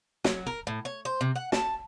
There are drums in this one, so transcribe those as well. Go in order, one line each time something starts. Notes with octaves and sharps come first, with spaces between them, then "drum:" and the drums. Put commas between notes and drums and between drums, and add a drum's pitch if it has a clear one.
F#3, drum: snare
A#4
A2
C#5
C5
C3
F#5
A5, drum: snare